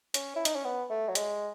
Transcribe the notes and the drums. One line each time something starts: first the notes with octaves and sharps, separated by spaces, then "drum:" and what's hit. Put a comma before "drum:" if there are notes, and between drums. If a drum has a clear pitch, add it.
C#4, drum: hi-hat
E4
D#4, drum: hi-hat
C#4
B3
A3
F#3
G#3, drum: hi-hat